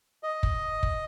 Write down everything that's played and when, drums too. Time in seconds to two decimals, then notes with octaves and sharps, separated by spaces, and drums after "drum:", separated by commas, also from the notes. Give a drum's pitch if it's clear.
0.23 D#5
0.43 drum: kick
0.83 drum: kick